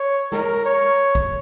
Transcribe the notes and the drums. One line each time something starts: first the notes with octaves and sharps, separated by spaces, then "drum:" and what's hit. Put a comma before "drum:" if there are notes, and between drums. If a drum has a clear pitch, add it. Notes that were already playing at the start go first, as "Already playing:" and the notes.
Already playing: C#5
A#4, drum: snare
C#5
drum: kick